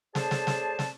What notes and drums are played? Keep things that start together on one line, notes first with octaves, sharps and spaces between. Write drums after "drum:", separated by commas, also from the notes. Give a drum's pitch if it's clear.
A2 G#4 C5 D5 A5, drum: snare
drum: snare
drum: snare
drum: snare